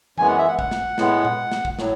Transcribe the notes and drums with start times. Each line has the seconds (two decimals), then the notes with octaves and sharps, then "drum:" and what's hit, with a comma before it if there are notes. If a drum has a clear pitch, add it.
0.18 F#2 E3 G#3 B3 G#5, drum: tom E3
0.28 F#5
0.38 E5
0.48 F#5
0.59 F#5, drum: kick
0.71 drum: snare
0.98 A2 G#3 B3, drum: snare
1.25 drum: tom A#2
1.52 drum: snare
1.65 drum: kick
1.79 A2 F#3, drum: snare